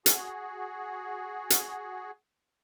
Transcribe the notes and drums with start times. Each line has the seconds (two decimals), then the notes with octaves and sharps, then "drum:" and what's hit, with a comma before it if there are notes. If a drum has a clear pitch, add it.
0.06 F#4 G#4, drum: hi-hat
1.50 drum: hi-hat